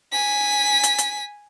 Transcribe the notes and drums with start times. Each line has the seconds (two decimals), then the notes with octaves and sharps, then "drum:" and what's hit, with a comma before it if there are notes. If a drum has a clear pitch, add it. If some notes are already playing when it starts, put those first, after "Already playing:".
0.12 G#5 B6
0.83 drum: hi-hat
0.98 drum: hi-hat